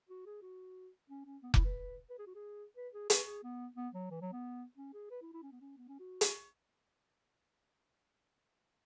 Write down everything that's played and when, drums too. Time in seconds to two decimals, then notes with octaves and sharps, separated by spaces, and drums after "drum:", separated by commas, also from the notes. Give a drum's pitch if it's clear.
0.09 F#4
0.26 G#4
0.42 F#4
1.10 C#4
1.26 C#4
1.43 B3
1.54 E4, drum: kick F1
1.65 B4
2.10 B4
2.18 G#4
2.27 F#4
2.35 G#4
2.77 B4
2.94 G#4
3.10 B4, drum: hi-hat
3.27 G#4
3.43 B3
3.77 B3
3.94 F#3
4.10 E3
4.21 F#3
4.32 B3
4.77 C#4
4.94 G#4
5.11 B4
5.22 E4
5.33 E4
5.43 C#4
5.52 B3
5.61 C#4
5.77 B3
5.88 C#4
5.99 F#4
6.21 drum: hi-hat